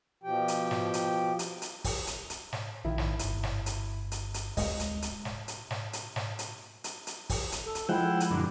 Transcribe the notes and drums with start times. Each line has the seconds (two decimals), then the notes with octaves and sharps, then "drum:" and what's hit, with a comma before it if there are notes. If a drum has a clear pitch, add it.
0.24 B2 F3 G4 G5
0.48 drum: hi-hat
0.71 drum: snare
0.94 drum: hi-hat
1.39 drum: hi-hat
1.62 drum: hi-hat
1.84 drum: kick, open hi-hat
2.07 drum: hi-hat
2.30 drum: hi-hat
2.53 drum: snare
2.85 A#1 D#3 E4
2.98 drum: snare
3.19 G1, drum: hi-hat
3.43 drum: snare
3.66 drum: hi-hat
4.12 drum: hi-hat
4.34 drum: hi-hat
4.57 D1 G#3 D#5, drum: kick, open hi-hat
4.80 drum: hi-hat
5.02 drum: hi-hat
5.25 drum: snare
5.48 drum: hi-hat
5.71 drum: snare
5.93 drum: hi-hat
6.16 drum: snare
6.39 drum: hi-hat
6.84 drum: hi-hat
7.07 drum: hi-hat
7.30 drum: kick, open hi-hat
7.52 drum: hi-hat
7.64 A4
7.75 drum: hi-hat
7.89 F3 G#3 E4 F#5 G5 E6
8.20 drum: hi-hat
8.31 F#2 A#2 D3